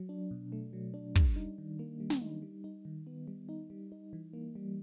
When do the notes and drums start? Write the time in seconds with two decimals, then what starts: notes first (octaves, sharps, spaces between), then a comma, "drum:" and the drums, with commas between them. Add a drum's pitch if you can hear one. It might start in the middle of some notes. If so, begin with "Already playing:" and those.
Already playing: F#3
0.09 D4
0.31 B2
0.52 A3
0.73 F#3
0.94 D4
1.15 G3, drum: kick
1.36 D#4
1.58 D#3
1.79 A#3
2.00 G3
2.10 drum: snare
2.22 D#4
2.42 G3
2.64 D#4
2.85 D#3
3.07 B3
3.28 G3
3.49 D#4
3.70 G3
3.92 D#4
4.13 E3
4.33 A#3
4.55 G3